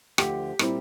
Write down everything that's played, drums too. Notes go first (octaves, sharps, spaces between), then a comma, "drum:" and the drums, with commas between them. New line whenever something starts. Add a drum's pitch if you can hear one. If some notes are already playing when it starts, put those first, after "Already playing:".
D2 D3 F3 G4, drum: rim click
A#2 G3 C4 E4, drum: rim click